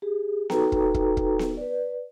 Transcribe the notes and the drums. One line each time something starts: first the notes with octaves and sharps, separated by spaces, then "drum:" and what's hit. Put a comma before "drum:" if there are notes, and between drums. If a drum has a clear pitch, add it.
G4 G#4
D#4 F#4 A4 B4 G5 A#5, drum: snare B3
drum: kick
drum: kick
drum: kick
drum: snare B3
B4 D5